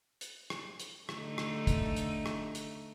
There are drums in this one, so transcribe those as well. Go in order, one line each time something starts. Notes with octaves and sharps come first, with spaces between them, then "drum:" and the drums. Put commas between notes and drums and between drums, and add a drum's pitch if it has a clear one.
drum: hi-hat
drum: rim click
drum: hi-hat
D3 A3 D#4, drum: rim click
drum: rim click
drum: kick, hi-hat
drum: hi-hat
drum: rim click
drum: hi-hat